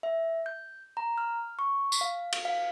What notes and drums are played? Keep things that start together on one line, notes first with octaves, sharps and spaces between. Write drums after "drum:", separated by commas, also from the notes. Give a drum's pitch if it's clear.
E5
G6
A#5
F6
C#6
drum: tambourine
F5
drum: cymbal
F5